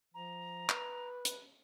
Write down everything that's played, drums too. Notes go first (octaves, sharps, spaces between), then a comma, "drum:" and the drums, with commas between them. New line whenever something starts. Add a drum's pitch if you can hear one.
F3 A#5
B4, drum: clap
drum: hi-hat